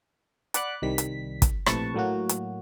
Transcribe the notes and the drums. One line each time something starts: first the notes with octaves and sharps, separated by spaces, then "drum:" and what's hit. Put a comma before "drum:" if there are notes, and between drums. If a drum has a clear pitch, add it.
D5 F#5 B5 D6 F#6, drum: hi-hat
C2 C3 D#3 G3 B6
drum: hi-hat
drum: kick, hi-hat
A#1 A2 C3 B4 A5 C#6, drum: rim click
A2 F#3 A#3 F#4
drum: hi-hat